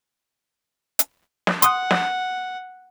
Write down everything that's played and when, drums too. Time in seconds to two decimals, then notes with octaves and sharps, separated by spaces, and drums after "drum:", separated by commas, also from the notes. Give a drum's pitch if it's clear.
0.99 drum: hi-hat
1.47 drum: snare
1.62 F#5 C6 D#6 F#6, drum: hi-hat
1.91 drum: snare